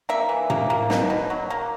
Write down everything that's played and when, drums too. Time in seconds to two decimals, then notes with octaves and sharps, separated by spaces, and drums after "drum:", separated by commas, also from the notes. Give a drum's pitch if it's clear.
0.09 A#3 E5
0.29 E3
0.50 A#3, drum: tom A2
0.70 A#3
0.90 B2, drum: snare
1.10 B2
1.30 F#3
1.50 A#3